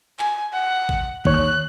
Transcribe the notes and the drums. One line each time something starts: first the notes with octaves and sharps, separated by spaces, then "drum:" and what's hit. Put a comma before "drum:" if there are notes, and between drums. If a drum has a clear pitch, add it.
G#5, drum: clap
F#5
drum: kick
D#2 C#5 F#6, drum: kick